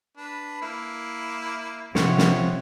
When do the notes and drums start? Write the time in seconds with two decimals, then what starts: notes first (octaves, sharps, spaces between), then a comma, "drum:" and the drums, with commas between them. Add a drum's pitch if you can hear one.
0.17 D4 B4
0.62 A#3 E4
1.95 C3 F3 C#5 F#5, drum: snare
2.18 drum: snare